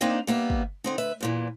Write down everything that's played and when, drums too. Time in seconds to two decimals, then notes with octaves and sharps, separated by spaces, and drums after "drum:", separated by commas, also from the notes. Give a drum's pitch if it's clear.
0.01 A#3 C4 D4 D#4 D#5 G5
0.27 G3 A#3 B3 E5
0.50 drum: kick
0.84 D3 C4 D#4
0.98 D2 B4 E5
1.21 E2 A#2 E3